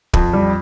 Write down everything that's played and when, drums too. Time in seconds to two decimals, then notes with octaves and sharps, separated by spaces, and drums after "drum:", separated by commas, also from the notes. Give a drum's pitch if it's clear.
0.14 F2, drum: kick
0.33 G3